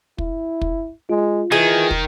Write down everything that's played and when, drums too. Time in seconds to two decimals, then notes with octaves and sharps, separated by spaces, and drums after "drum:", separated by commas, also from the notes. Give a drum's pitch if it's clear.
0.18 E4, drum: kick
0.61 drum: kick
1.09 G#3 F4
1.52 D#3 E3 G#4
1.91 drum: kick